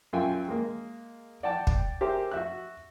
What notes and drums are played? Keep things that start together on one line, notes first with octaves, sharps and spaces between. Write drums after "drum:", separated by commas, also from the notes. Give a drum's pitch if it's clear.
F#2 F4 E5 G5 G#5
G#3 A#3
D5 F#5 G5 A5
drum: kick
G4 G#4 A#4 C5 E5
F#4 E5 F#6